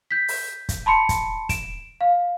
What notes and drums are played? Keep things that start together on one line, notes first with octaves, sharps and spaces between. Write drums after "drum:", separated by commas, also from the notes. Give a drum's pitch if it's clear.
G6 B6
drum: open hi-hat
drum: kick, hi-hat
A5 B5 C6 C#7
drum: kick, hi-hat
D7 E7, drum: kick, hi-hat
F5